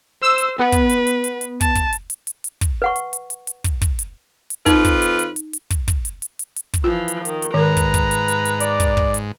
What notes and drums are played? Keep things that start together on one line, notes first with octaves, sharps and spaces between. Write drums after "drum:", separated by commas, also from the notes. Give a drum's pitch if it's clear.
C5 E6
drum: hi-hat
B3 B4
drum: kick, hi-hat
drum: hi-hat
drum: hi-hat
drum: hi-hat
drum: hi-hat
A5, drum: kick, hi-hat
drum: kick, hi-hat
drum: hi-hat
drum: hi-hat
drum: hi-hat
drum: hi-hat
drum: kick, hi-hat
B4 F#5 C#6
drum: hi-hat
drum: hi-hat
drum: hi-hat
drum: hi-hat
drum: kick, hi-hat
drum: kick, hi-hat
drum: hi-hat
drum: hi-hat
F2 D#4 F4 B4, drum: kick, hi-hat
drum: kick, hi-hat
drum: hi-hat
drum: hi-hat
drum: hi-hat
drum: hi-hat
drum: kick, hi-hat
drum: kick, hi-hat
drum: hi-hat
drum: hi-hat
drum: hi-hat
drum: hi-hat
drum: kick, hi-hat
E3 F3 F4
drum: hi-hat
D#3, drum: hi-hat
drum: hi-hat
G#2 D#3 A#4 B4 A#5
drum: kick, hi-hat
drum: kick, hi-hat
drum: hi-hat
drum: hi-hat
drum: hi-hat
D5, drum: hi-hat
drum: kick, hi-hat
drum: kick
drum: hi-hat